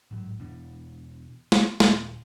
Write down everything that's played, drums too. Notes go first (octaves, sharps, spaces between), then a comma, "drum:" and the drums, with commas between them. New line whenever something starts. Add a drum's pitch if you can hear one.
A1 G#2 F#3
E1 B2 E3 D4
drum: snare
D#1, drum: snare